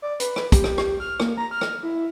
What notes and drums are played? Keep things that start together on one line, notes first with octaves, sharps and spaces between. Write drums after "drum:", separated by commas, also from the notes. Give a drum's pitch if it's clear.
D5
B4, drum: hi-hat
drum: rim click
G4, drum: kick, hi-hat
drum: rim click
drum: rim click
F6
A#3, drum: rim click
A#5
F6
drum: rim click
E4